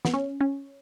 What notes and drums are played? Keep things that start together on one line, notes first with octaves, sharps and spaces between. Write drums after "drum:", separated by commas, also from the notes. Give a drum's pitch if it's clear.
B3, drum: snare
C#4
C#4